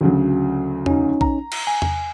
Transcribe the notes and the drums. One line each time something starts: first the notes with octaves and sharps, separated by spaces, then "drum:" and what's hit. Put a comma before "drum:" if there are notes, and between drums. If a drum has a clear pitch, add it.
D2 C#3 F#3
C#4 D#4, drum: tom E2
A#5, drum: kick A#1
drum: cymbal
G#5
drum: tom E2